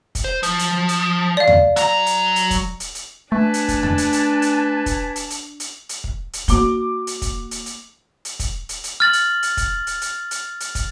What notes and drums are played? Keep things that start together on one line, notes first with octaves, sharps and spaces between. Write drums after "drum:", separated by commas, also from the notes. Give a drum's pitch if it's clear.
drum: kick, hi-hat
C5
F3, drum: hi-hat
drum: hi-hat
drum: hi-hat
D5 F5
drum: tom E2
F#3 A#5, drum: hi-hat
drum: hi-hat
drum: hi-hat
drum: kick, hi-hat
drum: hi-hat
drum: hi-hat
A3 D4 B4 G#5 A5
drum: hi-hat
drum: kick, hi-hat
drum: tom E2
drum: hi-hat
drum: hi-hat
drum: hi-hat
drum: kick, hi-hat
drum: hi-hat
drum: hi-hat
drum: hi-hat
drum: hi-hat
drum: kick
drum: hi-hat
A#3 F#4 D6 G7, drum: hi-hat
drum: hi-hat
drum: kick, hi-hat
drum: hi-hat
drum: hi-hat
drum: hi-hat
drum: kick, hi-hat
drum: hi-hat
drum: hi-hat
F6 A6 F#7
drum: hi-hat
drum: hi-hat
drum: kick, hi-hat
drum: hi-hat
drum: hi-hat
drum: hi-hat
drum: hi-hat
drum: kick, hi-hat